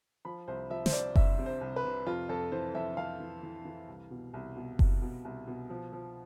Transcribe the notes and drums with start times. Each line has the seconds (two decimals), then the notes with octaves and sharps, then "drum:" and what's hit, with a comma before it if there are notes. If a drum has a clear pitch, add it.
0.25 F3 B5
0.48 C2 C5
0.70 F3 E5
0.86 C5, drum: snare
0.93 C2 D5
1.16 C2 E5, drum: kick F#1
1.39 C3
1.46 C5
1.61 C2
1.76 B4
1.84 C3
2.06 F2 F4
2.29 F2 A4
2.52 E3 C5
2.75 F2 E5
2.97 F2 F5
3.20 E3
3.43 E3
3.65 E3
3.88 C2
4.11 B2
4.34 C2
4.56 B2
4.79 C2, drum: kick F#1
5.02 B2
5.25 C2
5.47 B2
5.70 F3
5.93 F3